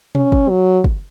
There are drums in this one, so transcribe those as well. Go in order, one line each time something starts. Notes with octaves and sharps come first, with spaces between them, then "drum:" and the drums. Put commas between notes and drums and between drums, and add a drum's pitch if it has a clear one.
C#4, drum: tom B2
drum: kick
F#3
drum: kick